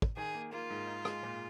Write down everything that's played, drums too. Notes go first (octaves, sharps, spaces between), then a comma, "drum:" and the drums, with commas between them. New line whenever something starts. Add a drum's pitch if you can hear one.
drum: kick
D#3 G#4
A#3
A#3 F4
G#2
D#4
G#3, drum: rim click
A#2